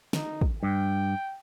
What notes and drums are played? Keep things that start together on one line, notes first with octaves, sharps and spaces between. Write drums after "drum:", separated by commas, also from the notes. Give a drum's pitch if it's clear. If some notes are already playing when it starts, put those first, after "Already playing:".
D#4, drum: snare
drum: kick
G2 G5